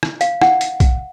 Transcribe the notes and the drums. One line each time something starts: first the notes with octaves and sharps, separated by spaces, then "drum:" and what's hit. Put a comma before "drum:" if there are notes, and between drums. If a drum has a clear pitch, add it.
drum: rim click
F5, drum: hi-hat
F#5, drum: rim click
drum: hi-hat
drum: kick B1, hi-hat